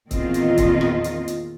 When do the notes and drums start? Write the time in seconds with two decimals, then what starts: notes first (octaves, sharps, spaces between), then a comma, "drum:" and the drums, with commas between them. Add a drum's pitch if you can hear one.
0.11 E2 A#2 D#3 C4 F4 D#5, drum: kick, hi-hat
0.34 drum: hi-hat
0.57 drum: kick, hi-hat
0.81 drum: rim click
1.04 drum: hi-hat
1.28 drum: hi-hat